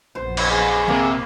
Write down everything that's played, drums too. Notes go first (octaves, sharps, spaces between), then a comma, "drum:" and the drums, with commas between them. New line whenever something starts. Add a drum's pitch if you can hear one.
A#1 F#2 B3 C5
drum: cymbal
G#4
C3 A#3